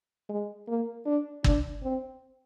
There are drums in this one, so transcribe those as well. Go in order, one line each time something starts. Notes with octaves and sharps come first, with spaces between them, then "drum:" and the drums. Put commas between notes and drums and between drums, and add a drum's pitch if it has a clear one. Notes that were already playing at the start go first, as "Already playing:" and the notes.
G#3
A#3
D4
D4, drum: kick G1
C4